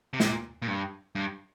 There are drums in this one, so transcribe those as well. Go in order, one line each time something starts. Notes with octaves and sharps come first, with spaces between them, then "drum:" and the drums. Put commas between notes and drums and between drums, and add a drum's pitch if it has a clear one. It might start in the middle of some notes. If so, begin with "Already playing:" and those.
C3
A#2, drum: snare
A#2
G2
G2